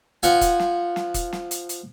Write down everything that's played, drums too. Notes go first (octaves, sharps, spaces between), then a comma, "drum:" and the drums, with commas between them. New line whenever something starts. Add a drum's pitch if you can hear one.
F3 F#5 G#5, drum: hi-hat
drum: kick E1, hi-hat
drum: snare
drum: snare
drum: kick E1, hi-hat
drum: snare
drum: hi-hat
drum: hi-hat